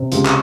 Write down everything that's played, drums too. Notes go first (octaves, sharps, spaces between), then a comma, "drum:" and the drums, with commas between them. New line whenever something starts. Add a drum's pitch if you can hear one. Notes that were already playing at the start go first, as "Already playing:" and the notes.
Already playing: C3
C#2 F4 G4, drum: hi-hat
drum: clap